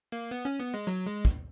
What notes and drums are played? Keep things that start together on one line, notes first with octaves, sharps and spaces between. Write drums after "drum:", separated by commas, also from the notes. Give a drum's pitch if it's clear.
A#3
B3
C#4
B3
G#3
F#3, drum: hi-hat
G#3
drum: kick, hi-hat